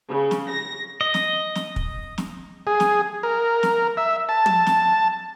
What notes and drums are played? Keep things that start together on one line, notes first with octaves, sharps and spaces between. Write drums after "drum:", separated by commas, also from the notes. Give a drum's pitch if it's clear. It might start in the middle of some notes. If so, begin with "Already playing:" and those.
C#3
drum: snare
A#6
D#5
drum: snare
drum: snare
drum: kick
drum: snare
G#4
drum: snare
A#4
drum: snare
E5
A5
drum: tom
drum: snare